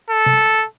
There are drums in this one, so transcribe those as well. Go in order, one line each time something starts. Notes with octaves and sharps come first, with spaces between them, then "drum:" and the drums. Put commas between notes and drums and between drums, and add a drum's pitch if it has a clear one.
A4
drum: tom C3